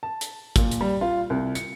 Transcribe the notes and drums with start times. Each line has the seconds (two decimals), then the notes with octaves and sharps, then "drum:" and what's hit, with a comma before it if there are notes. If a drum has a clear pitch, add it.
0.03 A5
0.21 drum: hi-hat
0.56 A#2, drum: kick, hi-hat
0.71 drum: hi-hat
0.81 G3
1.01 F4
1.30 C2
1.55 C#7, drum: hi-hat